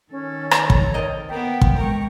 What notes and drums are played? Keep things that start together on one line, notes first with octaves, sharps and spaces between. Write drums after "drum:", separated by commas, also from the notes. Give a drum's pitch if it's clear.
D#3 C#4 A4
C#5 A#5, drum: rim click
drum: kick
C4 A#4 D#5
A#3 B3 G5
drum: kick
G#3 A#4 C#6